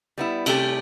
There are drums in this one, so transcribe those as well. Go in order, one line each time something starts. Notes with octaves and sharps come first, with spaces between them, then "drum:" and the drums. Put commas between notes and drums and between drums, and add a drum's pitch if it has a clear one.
G3 B3 E4
C3 G3 A3 C#4 G4, drum: cymbal